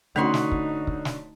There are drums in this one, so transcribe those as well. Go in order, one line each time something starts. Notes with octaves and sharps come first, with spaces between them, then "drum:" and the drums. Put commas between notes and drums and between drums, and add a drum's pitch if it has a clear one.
D3 A3 C#4 D#4 F#4 B4 C#5 C6
drum: snare
drum: kick
drum: kick
drum: snare